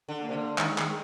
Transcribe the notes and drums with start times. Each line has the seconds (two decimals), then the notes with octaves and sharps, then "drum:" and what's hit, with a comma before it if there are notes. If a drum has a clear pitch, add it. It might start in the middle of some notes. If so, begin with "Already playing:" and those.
0.09 D3
0.21 A#3
0.29 C3
0.33 D3
0.58 D#3 G#3, drum: clap
0.78 D#3, drum: clap